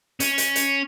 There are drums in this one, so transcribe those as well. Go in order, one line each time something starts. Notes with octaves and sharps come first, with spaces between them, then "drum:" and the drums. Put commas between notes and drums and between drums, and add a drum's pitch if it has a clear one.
C#4, drum: hi-hat
drum: hi-hat
drum: hi-hat